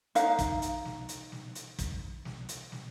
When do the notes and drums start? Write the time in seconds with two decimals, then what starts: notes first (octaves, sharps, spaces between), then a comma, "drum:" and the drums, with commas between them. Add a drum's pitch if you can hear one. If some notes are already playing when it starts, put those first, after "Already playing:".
0.15 D#4 F5, drum: hi-hat
0.39 drum: kick, hi-hat
0.62 drum: hi-hat
0.85 drum: snare
1.09 drum: hi-hat
1.32 drum: snare
1.55 drum: hi-hat
1.79 drum: kick, hi-hat
2.25 drum: snare
2.49 drum: hi-hat
2.72 drum: snare